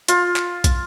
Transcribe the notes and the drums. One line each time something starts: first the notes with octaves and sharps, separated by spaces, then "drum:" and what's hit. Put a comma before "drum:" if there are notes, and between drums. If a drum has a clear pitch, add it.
F4, drum: hi-hat
drum: clap
drum: kick, hi-hat